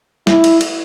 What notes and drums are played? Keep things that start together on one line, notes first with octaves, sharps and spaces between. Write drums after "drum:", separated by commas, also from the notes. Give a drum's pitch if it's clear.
E4, drum: snare
drum: cymbal
drum: cymbal